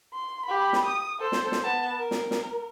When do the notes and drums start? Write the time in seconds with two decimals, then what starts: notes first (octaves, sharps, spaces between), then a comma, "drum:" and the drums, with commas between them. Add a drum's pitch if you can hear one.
0.14 C6
0.46 G4 B5
0.73 drum: snare
0.83 D#6
1.20 A4 C5
1.32 drum: snare
1.52 drum: snare
1.63 B3 A5
1.99 A#4
2.11 drum: snare
2.31 drum: snare